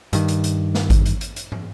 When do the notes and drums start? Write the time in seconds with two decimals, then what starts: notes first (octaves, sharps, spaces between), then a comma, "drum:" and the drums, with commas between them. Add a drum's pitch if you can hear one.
0.13 G2 D#3, drum: hi-hat
0.28 drum: hi-hat
0.44 drum: hi-hat
0.75 drum: snare
0.90 drum: kick G#1, hi-hat
1.06 drum: hi-hat
1.21 drum: hi-hat
1.36 drum: hi-hat
1.52 drum: tom